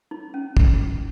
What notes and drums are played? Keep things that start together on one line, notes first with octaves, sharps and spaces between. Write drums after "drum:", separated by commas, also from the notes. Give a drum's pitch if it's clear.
D#4
C#4
drum: kick